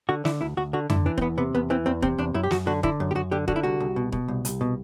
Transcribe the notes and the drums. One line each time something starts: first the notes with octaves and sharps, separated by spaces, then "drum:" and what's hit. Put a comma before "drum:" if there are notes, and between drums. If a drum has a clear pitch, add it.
D3 F#4
D3 E4, drum: snare
D2 E4
D2 F#4
D3 F#4
D3 E4, drum: tom F2
E3 D4
C4, drum: kick
E2 B3
C3 B3
E2 B3
E3 C4
E2 C4
C3 C4, drum: kick
E2 D4
F#2 E4
G4
F#2 F#4, drum: snare
D3 F#4
D3 E4, drum: kick
F#2
G4
F#2 F#4
D3 G4
D3 F#4, drum: kick
E4
C2 F#4
C2
B2
B2, drum: kick
C2
C2, drum: hi-hat
B2